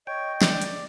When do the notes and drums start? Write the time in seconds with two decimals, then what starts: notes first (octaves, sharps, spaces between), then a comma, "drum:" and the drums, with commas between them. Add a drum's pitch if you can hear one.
0.07 C#5 D#5 G5
0.42 D5, drum: snare
0.62 drum: hi-hat